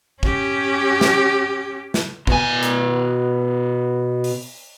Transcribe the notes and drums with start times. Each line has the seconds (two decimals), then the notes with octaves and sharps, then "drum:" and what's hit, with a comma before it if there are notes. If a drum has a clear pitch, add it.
0.23 C#4 G4, drum: kick
1.01 drum: snare
1.94 drum: snare
2.27 B2 G#5, drum: kick
2.63 drum: hi-hat
4.24 drum: open hi-hat